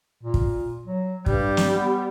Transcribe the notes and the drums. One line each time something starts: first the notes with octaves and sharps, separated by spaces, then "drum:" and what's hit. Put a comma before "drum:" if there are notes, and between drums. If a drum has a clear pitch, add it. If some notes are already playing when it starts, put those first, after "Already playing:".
A#2
drum: kick
F#3
G2 G3, drum: kick
drum: snare
B3